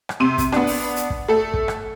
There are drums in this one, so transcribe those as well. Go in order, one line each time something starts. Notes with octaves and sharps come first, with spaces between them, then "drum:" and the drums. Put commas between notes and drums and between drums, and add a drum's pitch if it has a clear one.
drum: rim click
C3 C6 D#7
drum: kick, hi-hat
B3 D4, drum: rim click
drum: open hi-hat
drum: hi-hat
drum: kick
A3 A4
drum: kick
drum: rim click